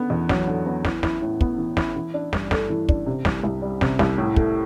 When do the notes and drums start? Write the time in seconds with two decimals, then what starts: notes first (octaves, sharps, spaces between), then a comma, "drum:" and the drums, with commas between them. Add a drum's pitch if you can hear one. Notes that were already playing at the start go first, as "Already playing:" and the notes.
Already playing: D3 B3
0.10 E2
0.29 F#3, drum: snare
0.47 D3
0.66 B3
0.85 E3, drum: snare
1.03 E4, drum: snare
1.22 A2
1.41 B3, drum: kick
1.58 E3
1.77 E4, drum: snare
1.96 E3
2.14 D4
2.33 G2, drum: snare
2.51 A3, drum: snare
2.70 E3
2.89 D4, drum: kick
3.06 C3
3.25 C2, drum: snare
3.44 C2
3.62 G3
3.81 C3, drum: snare
3.99 C2, drum: snare
4.18 A2
4.36 A3, drum: kick